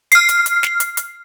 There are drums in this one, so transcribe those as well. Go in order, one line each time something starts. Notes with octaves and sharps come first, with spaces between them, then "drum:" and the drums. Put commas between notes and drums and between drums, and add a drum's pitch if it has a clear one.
F6 C7, drum: hi-hat
drum: hi-hat
drum: hi-hat
drum: snare
drum: hi-hat
drum: hi-hat